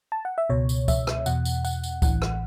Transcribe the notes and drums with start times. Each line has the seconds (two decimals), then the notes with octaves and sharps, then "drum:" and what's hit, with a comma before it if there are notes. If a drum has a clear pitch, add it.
0.12 A5
0.25 F#5
0.38 E5
0.50 C#2 B2 C#5
0.69 drum: tambourine
0.88 E5, drum: kick C#2, tambourine
1.07 drum: rim click
1.26 E2 B2 F#5, drum: tambourine
1.45 drum: tambourine
1.65 F#5, drum: tambourine
1.84 drum: tambourine
2.02 A1 A2 E3 F#5, drum: kick C#2, tambourine
2.22 drum: rim click